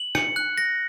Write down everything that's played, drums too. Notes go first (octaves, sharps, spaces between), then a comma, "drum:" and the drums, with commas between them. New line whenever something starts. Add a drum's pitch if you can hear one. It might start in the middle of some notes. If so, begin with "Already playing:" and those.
Already playing: F#7
C#7, drum: rim click
F#6
A#6